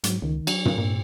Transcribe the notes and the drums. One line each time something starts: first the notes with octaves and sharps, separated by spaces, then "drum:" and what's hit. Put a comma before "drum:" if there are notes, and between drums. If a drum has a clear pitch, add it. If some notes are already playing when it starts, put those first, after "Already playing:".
G#2 F#3, drum: hi-hat
C#2 D#3
F#3 D4, drum: cymbal
drum: tom
A#2